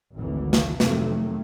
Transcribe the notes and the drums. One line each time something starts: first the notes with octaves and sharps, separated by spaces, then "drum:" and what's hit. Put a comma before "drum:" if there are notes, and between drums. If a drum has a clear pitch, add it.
G#1 D2 E3
drum: snare
F2 C3 D#3 F#3 A3 A#3, drum: snare